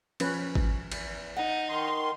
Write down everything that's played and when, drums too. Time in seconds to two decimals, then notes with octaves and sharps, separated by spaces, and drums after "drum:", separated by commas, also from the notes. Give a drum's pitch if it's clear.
0.20 F3 C#4 B4, drum: cymbal
0.55 drum: kick G#1
0.92 E2, drum: cymbal
1.37 D#4 F#5
1.69 D#3 C6